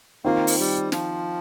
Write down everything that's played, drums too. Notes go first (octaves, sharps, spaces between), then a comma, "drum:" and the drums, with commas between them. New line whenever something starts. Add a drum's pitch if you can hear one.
D#3 A#3 C4 F4
drum: open hi-hat
G3
F3, drum: snare